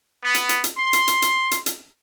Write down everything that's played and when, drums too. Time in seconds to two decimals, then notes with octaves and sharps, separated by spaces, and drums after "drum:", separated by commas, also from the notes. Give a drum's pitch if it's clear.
0.24 B3
0.34 drum: hi-hat
0.49 drum: hi-hat
0.64 drum: hi-hat
0.78 C6
0.93 drum: hi-hat
1.08 drum: hi-hat
1.22 drum: hi-hat
1.51 drum: hi-hat
1.66 drum: hi-hat